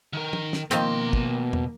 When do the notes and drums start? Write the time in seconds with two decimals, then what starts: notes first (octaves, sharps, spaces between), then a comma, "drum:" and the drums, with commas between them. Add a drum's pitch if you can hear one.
0.13 D#3 A#4
0.33 drum: tom
0.53 drum: snare
0.71 B2 D#3 F3 A#3 C4 C6, drum: hi-hat
1.13 drum: kick
1.53 drum: tom E2